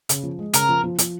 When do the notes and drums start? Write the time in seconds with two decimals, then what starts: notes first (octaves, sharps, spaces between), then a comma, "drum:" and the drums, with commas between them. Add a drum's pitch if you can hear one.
0.09 C#3, drum: hi-hat
0.23 F3
0.39 G#3
0.54 C#3 A#4, drum: hi-hat
0.69 F3
0.84 F3
0.98 F3, drum: hi-hat